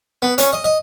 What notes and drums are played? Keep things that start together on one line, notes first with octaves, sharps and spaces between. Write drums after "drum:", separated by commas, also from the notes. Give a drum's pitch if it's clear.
B3
C#4, drum: hi-hat
D#5
D#5